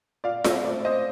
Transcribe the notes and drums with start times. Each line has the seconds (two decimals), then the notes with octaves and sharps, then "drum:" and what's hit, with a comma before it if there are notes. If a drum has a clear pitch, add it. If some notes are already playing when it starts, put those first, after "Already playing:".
0.24 A#2 D5 F5
0.45 D5, drum: snare F4
0.65 A3 C4 D5
0.85 C5 D#5